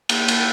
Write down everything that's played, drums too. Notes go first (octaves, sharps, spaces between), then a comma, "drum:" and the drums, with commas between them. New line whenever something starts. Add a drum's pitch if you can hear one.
A#3, drum: cymbal
drum: cymbal